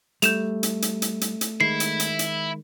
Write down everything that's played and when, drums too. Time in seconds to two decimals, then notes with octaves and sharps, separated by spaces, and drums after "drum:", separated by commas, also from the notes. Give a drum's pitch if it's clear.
0.22 G3 A3 G6 E7 F7, drum: hi-hat
0.63 drum: hi-hat
0.82 drum: hi-hat
1.02 drum: hi-hat
1.21 drum: hi-hat
1.41 drum: hi-hat
1.60 D#3 G#3 E4 C7
1.80 drum: hi-hat
2.00 drum: hi-hat
2.19 drum: hi-hat